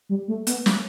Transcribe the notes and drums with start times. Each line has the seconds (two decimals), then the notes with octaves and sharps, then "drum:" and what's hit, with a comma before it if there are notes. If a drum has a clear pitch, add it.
0.09 G3
0.28 A3
0.47 B3, drum: hi-hat
0.66 drum: snare